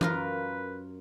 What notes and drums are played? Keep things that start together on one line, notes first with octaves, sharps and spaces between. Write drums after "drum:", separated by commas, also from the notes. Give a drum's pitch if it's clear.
F#2 F4 A#4 B4, drum: tom E3